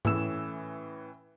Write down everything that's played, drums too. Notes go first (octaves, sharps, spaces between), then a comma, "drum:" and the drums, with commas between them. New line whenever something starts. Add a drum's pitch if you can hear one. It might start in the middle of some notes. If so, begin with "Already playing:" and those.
A2 E3 C#4 E6 E7, drum: tom G#2